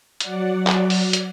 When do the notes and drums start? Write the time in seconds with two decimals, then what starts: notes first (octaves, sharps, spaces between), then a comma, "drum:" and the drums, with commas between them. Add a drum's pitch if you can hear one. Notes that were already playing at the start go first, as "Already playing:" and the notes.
0.20 F#3 D5 F#5, drum: hi-hat
0.67 drum: clap
0.90 drum: open hi-hat
1.13 drum: hi-hat